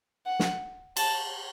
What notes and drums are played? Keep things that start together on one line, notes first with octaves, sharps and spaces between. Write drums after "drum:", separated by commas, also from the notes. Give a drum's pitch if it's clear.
F#5
drum: snare
A5, drum: cymbal